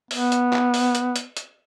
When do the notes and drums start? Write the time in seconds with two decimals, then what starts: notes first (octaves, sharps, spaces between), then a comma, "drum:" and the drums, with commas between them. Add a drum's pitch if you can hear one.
0.11 B3, drum: open hi-hat
0.32 drum: hi-hat
0.53 drum: clap
0.74 drum: open hi-hat
0.95 drum: hi-hat
1.16 drum: hi-hat
1.37 drum: hi-hat